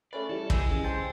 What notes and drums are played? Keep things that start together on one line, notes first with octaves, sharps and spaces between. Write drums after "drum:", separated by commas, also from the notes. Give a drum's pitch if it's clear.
A3 C#4 B4 D5
E3 G3 A4
D#5 G#5 E6, drum: kick
C#3
C5 G5 A5